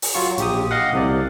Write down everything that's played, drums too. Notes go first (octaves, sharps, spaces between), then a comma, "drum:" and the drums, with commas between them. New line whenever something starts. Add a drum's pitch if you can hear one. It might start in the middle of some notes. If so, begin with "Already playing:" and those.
drum: open hi-hat
F#3 F4 C#6
A#1 G4 D#6, drum: hi-hat
D#5 F5 F#5
C2 C3 D5